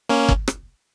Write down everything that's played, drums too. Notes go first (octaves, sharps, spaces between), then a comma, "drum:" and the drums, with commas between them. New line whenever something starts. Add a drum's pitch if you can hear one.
A#3 C#4
drum: kick
drum: rim click